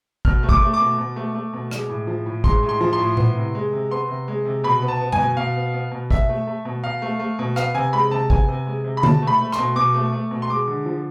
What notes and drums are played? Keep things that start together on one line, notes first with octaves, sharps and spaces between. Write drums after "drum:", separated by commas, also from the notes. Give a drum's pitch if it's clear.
B2 F6, drum: kick
A3
D6, drum: kick
A3
D6
B2
B2
A3
A3
B2
G#3, drum: rim click
A2
F3
A2
G#3 C6, drum: kick
A2
C6
F3
C6
A2
B3, drum: tom A#2
C3
G#3
C3
B3 C6
C3
G#3
C3
B2 B5
B3
A5
B3
G#5, drum: tom
B2
B2 F5
B3
B3
B2
B2 E5, drum: kick
A3
A3
B2
B2 F5
A3
A3
B2
B3 F5, drum: rim click
C3 G#5
G#3 B5
C3 A5
B3 G#5, drum: kick
C3
G#3
C3
B5
B2 A5, drum: tom
A3
B5
A3
C6, drum: rim click
B2
B2 D6
A3
A3
B2
C6
G#3 D6
D3
F3